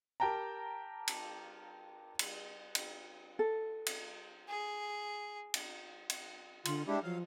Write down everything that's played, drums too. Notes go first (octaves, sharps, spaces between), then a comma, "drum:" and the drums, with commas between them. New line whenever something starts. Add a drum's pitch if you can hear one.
G4 A#4 G5 A5 A#5
drum: cymbal
drum: cymbal
drum: cymbal
A4
drum: cymbal
G#4
drum: cymbal
drum: cymbal
D3 F4, drum: cymbal
G#3 D4 E4 G4
F3 F#3 F5